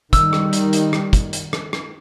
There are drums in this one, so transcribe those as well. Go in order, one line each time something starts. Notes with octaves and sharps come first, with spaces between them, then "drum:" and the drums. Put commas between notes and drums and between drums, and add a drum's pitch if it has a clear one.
D#3 G3 E6, drum: kick, hi-hat
drum: rim click
drum: hi-hat
drum: hi-hat
drum: rim click
drum: kick, hi-hat
drum: hi-hat
drum: rim click
drum: rim click